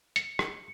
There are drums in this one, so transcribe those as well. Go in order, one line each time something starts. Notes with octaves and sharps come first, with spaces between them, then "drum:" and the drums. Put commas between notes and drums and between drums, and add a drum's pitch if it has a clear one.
C#7, drum: hi-hat
drum: rim click